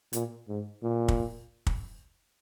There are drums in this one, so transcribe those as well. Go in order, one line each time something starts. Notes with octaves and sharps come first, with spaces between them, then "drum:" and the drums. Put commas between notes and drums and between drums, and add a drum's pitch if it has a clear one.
A#2, drum: hi-hat
G#2
A#2
drum: kick
drum: kick